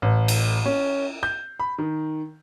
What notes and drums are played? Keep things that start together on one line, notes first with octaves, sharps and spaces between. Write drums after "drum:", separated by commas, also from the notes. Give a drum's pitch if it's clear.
A1
drum: cymbal
C#4
G6
B5
D#3